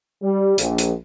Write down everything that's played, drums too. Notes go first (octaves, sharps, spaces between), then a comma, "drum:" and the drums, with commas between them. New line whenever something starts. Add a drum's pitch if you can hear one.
G3
A#1, drum: hi-hat
drum: hi-hat